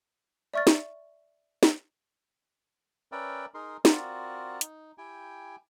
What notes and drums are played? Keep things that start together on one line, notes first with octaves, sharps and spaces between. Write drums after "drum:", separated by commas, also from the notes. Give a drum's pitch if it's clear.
D5 E5 C#6 F6 A6
drum: snare
drum: snare
C#4 A#4 B4 D5 E5 G5
D#4 G#4 A#4 C6
C4 F4 F#4 A#4 D5, drum: snare
D#4, drum: hi-hat
E4 G4 G5 G#5